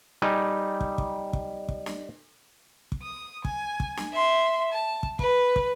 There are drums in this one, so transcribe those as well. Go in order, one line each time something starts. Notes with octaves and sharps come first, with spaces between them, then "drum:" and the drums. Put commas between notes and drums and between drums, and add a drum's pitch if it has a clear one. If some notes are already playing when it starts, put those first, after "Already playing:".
G3 D#4 G#5
drum: kick
drum: kick
drum: kick
drum: kick
drum: snare
drum: kick
D#6
G#5, drum: kick
drum: kick
drum: snare
E5 C6
A5
drum: kick
B4, drum: kick
drum: kick